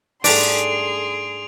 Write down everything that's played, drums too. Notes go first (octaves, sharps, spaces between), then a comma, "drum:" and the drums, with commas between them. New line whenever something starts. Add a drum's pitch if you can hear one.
G#2 G3 A3 D4 G#4 C6 D7 F7, drum: open hi-hat